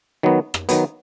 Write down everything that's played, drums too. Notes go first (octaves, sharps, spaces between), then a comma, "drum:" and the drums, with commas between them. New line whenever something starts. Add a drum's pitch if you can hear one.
D#3 F#3 B3
drum: rim click
D#3 F#3 B3, drum: hi-hat